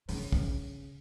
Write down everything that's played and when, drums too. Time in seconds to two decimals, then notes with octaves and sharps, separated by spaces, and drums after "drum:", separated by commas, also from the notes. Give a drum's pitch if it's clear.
0.09 C#3, drum: open hi-hat
0.32 drum: kick